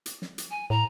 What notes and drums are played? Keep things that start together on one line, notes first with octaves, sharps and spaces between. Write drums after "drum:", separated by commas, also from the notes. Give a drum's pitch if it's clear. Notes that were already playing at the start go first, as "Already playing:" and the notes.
drum: hi-hat
drum: snare
drum: hi-hat
G#5
A2 A#5